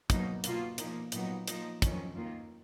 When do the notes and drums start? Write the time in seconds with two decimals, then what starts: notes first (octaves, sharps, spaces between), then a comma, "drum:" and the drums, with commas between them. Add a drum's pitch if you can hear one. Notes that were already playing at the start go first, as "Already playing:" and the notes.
0.10 B2 F#3 A#3 D#4, drum: kick, hi-hat
0.44 B2 A#3 F4, drum: hi-hat
0.78 A#2 F3 A#3 D#4, drum: hi-hat
1.12 A#2 F#3 B3 D#4, drum: hi-hat
1.48 F3 A#3 D#4, drum: hi-hat
1.82 F2 D#3 F#3 C#4, drum: kick, hi-hat
2.16 D#3 A#3 F4